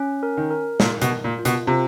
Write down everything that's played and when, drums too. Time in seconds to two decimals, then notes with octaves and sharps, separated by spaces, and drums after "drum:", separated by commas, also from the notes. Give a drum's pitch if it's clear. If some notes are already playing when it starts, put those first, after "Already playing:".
Already playing: C#4
0.23 A#4
0.37 D#3
0.51 A#4
0.80 A#2 A#4, drum: snare
1.02 B2, drum: hi-hat
1.09 A#4
1.24 A#2
1.39 F4
1.45 B2, drum: hi-hat
1.67 C3 F4